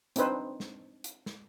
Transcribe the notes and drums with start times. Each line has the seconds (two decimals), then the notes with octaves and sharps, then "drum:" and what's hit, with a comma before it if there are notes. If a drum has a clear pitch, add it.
0.16 C4 D4 D#4 B4 C5, drum: hi-hat
0.60 drum: snare
1.04 drum: hi-hat
1.26 drum: snare